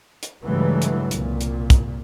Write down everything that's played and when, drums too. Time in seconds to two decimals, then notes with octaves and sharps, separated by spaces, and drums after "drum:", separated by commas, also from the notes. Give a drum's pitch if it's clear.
0.23 drum: hi-hat
0.43 G2 C#3 E3 F#3 G#3 A3
0.82 drum: hi-hat
1.11 C2 A#2, drum: hi-hat
1.41 drum: hi-hat
1.70 drum: kick, hi-hat